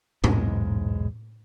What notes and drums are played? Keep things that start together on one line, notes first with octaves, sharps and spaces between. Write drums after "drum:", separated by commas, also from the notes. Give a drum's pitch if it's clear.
B1 E2 G#2 G#3, drum: tom A2